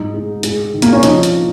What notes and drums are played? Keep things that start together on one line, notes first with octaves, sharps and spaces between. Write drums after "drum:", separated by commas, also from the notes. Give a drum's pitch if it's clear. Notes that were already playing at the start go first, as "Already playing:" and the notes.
Already playing: G#2 D#4
G#3
G#3, drum: hi-hat
D#3
A#3, drum: hi-hat
C#4
F3 D#4, drum: hi-hat
drum: hi-hat